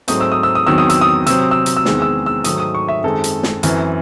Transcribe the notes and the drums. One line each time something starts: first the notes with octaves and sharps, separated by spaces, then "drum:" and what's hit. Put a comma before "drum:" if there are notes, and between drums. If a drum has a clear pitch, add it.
G#2 F#3 A3 C4 D#6, drum: hi-hat
E6
D#6
E6
D#6
E2 D#3 F#3 C4 E6
D#6
E6, drum: hi-hat
D#6
C3 F#3 C4 E6, drum: hi-hat
E6
drum: hi-hat
E6
E2 D#3 G#3 C4, drum: snare
E6
E6
G#2 D#3 F#3 A3 D#6, drum: hi-hat
D#6
C#6
E5
F#2 D#3 G#3 C4 A4
drum: hi-hat
drum: snare
F#2 E3 C4, drum: hi-hat